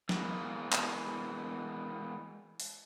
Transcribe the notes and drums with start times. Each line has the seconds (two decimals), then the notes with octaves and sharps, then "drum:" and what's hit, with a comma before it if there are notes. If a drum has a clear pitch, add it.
0.09 E3 G#3 A#3 B3, drum: snare
0.72 drum: clap
2.60 drum: open hi-hat